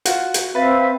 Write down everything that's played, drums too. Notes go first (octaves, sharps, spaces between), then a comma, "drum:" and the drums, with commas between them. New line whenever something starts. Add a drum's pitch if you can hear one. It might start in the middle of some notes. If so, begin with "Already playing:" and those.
F4 F#4, drum: hi-hat
drum: hi-hat
C4 B4 E5 F5 A6